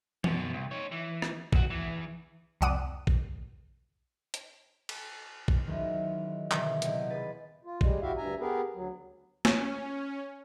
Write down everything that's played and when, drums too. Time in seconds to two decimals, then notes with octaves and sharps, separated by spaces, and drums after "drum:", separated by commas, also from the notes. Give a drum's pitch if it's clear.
0.24 F#2 B2, drum: tom E3
0.53 C2
0.71 D#4 C#5
0.92 E3
1.22 drum: rim click
1.53 C2 F#4, drum: kick A1
1.70 E2 E3
2.61 C2 F2 D5 F#5 D#6
3.07 drum: kick A1
4.34 drum: hi-hat
4.89 drum: cymbal
5.48 drum: kick A1
5.66 D#3 E3 F#3 G#3 C#4 D#4
6.51 B2 D3 E3 F#3, drum: clap
6.82 A#1 C3 G4 D#5 F#5, drum: hi-hat
7.10 D#1 G#4 B4 A6
7.65 F4
7.81 G3 G#3, drum: kick A1
8.02 E4 F#4 G4 E5 F5
8.17 D2 G2 E5 G#5 A#5
8.40 B3 G4 G#4 A#4 B4
8.74 D2 F#3
9.45 C#4, drum: snare